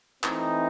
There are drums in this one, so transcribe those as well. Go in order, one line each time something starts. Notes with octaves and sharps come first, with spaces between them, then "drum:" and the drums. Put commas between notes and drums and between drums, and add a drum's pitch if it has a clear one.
E3 A3 C4 D#4, drum: clap